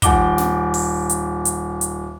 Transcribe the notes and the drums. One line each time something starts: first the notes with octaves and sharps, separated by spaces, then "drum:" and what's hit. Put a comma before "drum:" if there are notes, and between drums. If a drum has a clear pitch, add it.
D#1 F#5 D6 G7, drum: kick, hi-hat
drum: snare
drum: open hi-hat
drum: hi-hat
drum: hi-hat
drum: hi-hat